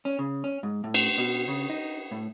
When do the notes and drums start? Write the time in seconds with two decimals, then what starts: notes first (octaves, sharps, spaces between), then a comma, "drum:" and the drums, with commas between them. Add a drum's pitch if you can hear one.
0.05 C#4
0.19 C#3
0.44 C#4
0.63 G#2
0.84 A2
0.94 drum: cymbal
1.18 B2
1.48 C#3
1.69 D#4
2.11 A2